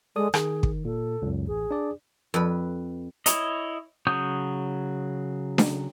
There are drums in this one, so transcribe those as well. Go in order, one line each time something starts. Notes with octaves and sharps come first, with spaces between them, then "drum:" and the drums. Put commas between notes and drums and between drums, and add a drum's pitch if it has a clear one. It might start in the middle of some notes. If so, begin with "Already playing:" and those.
G#3 A4 D5 D#6
D#3 G#4, drum: rim click
drum: kick
A#2 A4
C#2 F#2
A1 G#4
D4 D5
F2 B4
E4 C#5 D#5, drum: hi-hat
C#3 F#3 C#6 D#6 G6
drum: snare D4